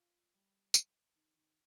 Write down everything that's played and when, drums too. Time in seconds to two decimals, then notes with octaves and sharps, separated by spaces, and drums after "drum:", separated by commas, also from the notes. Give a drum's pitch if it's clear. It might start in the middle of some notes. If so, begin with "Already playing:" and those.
Already playing: F4
0.34 G3
0.74 drum: tambourine
1.14 D#3
1.34 D#3